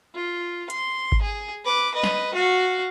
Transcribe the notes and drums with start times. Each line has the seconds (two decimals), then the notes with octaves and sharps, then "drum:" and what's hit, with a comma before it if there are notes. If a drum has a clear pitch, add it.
0.15 F4
0.70 C6, drum: hi-hat
1.12 drum: kick G#1
1.22 G#4
1.65 B4 D6
1.94 B4 D#5
2.03 drum: snare
2.34 F#4 F5